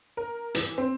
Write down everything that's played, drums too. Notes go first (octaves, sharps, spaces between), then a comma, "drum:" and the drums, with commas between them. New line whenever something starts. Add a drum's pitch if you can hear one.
A#4
E3, drum: hi-hat
C4